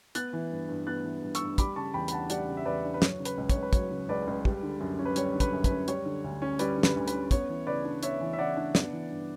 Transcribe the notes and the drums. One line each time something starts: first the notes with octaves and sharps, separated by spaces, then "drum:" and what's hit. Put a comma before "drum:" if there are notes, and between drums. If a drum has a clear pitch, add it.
B3 F#6 A6, drum: hi-hat
E3
G2
G2
B3 F#6 A6
E3
G2
C#6 E6, drum: hi-hat
G2
G3 B5 D6, drum: kick, hi-hat
C#3 A5 C#6
E2 G5 B5
B5, drum: hi-hat
D4 F#5 A5
G3 D5 F#5, drum: hi-hat
C#3
E5
E2 B4 D5
D4
B4
F#3 C#5, drum: snare
C#3
B4, drum: hi-hat
C#2
C#5, drum: kick, hi-hat
C#2
B4
F#3 C#5, drum: kick, hi-hat
C#3
C#2 B4 D5
C#2
G3, drum: kick
D3
F#2
C#4
B4
G3 C#5, drum: hi-hat
D3
B4, drum: kick, hi-hat
F#2
B4, drum: kick, hi-hat
C#4
G3 C#5, drum: hi-hat
D3
D2
C#4
G3 B4 D5, drum: hi-hat
D3
B4, drum: snare
D2
B4, drum: hi-hat
C#4
B3 C#5, drum: kick, hi-hat
E3
C#3 B4 D5
D4
B3 C#5 E5, drum: hi-hat
E3
E5
C#3 D5 F#5
D4
B3, drum: snare
E3
G2